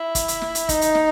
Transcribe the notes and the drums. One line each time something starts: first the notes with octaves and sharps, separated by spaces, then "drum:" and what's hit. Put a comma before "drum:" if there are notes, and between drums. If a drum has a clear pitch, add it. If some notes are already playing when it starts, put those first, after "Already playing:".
Already playing: E4
drum: kick, hi-hat
drum: hi-hat
drum: snare
drum: hi-hat
D#4, drum: kick, hi-hat
drum: hi-hat
drum: snare